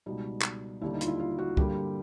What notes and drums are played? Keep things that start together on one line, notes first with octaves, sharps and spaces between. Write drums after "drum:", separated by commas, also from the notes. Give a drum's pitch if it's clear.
C#2 B2 G3 D#4
drum: clap
D#2 D3 G3 E4
D#4
F4, drum: hi-hat
E4
F4
F#4
G2 D3 G3 A#3 G4, drum: kick